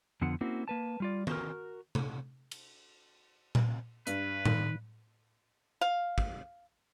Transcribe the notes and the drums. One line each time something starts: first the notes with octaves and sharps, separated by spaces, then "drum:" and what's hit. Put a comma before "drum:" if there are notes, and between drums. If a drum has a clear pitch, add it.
F2 D3 B3 F4 F#5
A#3 C4 C#4 E4 F#4
A#3 B4 A5
G3 F4 D5
F#4 A#4, drum: tom D#3
drum: tom C3
drum: cymbal
drum: tom A#2
G2 B4, drum: hi-hat
D#3, drum: tom A2
F5
drum: kick